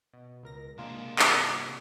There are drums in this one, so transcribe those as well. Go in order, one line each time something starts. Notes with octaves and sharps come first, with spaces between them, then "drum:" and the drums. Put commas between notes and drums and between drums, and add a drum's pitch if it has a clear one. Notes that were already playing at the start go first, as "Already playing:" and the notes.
B2
C#2 A#4 A#6
C3 G#3 A#3 D4 F4
drum: clap